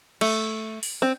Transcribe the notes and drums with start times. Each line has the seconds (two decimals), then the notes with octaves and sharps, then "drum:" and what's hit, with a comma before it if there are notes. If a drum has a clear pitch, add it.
0.21 A3, drum: cymbal
0.83 drum: open hi-hat
1.02 C4